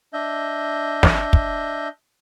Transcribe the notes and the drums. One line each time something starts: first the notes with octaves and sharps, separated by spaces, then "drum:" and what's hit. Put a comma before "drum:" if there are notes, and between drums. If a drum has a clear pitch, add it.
D4 D#5 E5 G6
drum: snare
drum: kick